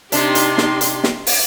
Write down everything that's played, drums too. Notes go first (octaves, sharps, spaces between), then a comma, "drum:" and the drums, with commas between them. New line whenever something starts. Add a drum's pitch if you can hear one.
C3 D4 D#4 G4 C6, drum: hi-hat
drum: hi-hat
drum: snare
drum: hi-hat
drum: snare
drum: open hi-hat